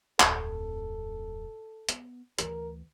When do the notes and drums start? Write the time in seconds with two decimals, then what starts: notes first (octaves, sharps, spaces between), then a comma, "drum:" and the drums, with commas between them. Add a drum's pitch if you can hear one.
0.20 D1 F2 A4, drum: clap
1.89 B3, drum: hi-hat
2.38 D2 E3 A#4, drum: hi-hat